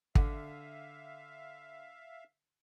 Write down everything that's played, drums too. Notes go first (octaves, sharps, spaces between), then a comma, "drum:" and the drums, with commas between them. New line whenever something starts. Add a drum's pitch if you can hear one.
D3 E5 F5, drum: kick